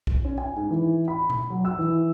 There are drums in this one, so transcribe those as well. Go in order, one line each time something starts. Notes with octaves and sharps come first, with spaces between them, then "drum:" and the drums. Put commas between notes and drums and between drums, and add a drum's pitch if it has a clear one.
drum: kick B1
C#4
G#5
G#2
E3
B5
drum: tom
F#3
E6
E3